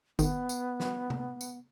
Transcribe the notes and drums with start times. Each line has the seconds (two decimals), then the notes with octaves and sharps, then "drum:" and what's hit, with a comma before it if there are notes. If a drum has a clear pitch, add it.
0.19 D#3 B3, drum: kick G1, tambourine
0.49 drum: tambourine
0.80 drum: snare
1.10 drum: tom
1.41 drum: tambourine